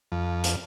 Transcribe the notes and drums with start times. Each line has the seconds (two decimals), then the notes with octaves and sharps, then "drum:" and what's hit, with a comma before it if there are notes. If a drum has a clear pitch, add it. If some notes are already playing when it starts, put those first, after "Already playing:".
0.12 F2
0.44 drum: hi-hat